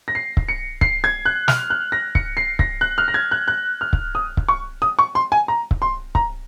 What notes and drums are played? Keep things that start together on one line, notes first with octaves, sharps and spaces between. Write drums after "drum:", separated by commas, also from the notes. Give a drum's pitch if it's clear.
A#6
C7
drum: kick C#1
C#7
C7, drum: kick C#1
G#6
F#6
F6, drum: snare
F#6
A#6
C#7, drum: kick C#1
C7
A#6, drum: kick C#1
F#6
F6
A#6
G#6
F#6
F#6
F6
drum: kick C#1
D#6
drum: kick C#1
C#6
D#6
C#6
C6
G#5
A#5
drum: kick C#1
C6
A#5, drum: kick C#1